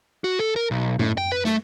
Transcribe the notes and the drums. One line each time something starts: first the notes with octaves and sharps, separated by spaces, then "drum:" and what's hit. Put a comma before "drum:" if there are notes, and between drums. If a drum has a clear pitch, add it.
F#4
A4
A#4
B1
A2, drum: tom F#2
G5
B4
A3, drum: snare